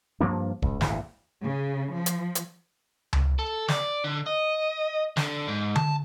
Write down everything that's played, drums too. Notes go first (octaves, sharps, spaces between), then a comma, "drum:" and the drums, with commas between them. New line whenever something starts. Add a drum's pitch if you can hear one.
G2 F3 A#3 D4
C#2, drum: kick
G#1 D2 A#2 E3, drum: snare
C#3
F3
drum: hi-hat
drum: hi-hat
drum: tom C#2
A4
D5, drum: snare
D3
D#5
D3, drum: snare
G#2
A5, drum: tom D3